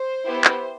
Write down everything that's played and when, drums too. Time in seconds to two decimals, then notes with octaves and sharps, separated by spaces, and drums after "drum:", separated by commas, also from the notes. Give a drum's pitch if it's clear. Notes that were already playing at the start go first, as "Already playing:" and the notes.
Already playing: C5
0.27 B3 E4 G4
0.44 drum: clap